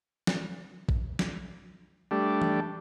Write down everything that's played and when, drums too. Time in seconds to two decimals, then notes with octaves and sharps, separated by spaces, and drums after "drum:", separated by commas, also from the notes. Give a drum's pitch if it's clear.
0.27 drum: snare
0.89 drum: kick A1
1.19 drum: snare
2.11 G3 A3 D4
2.42 drum: tom E3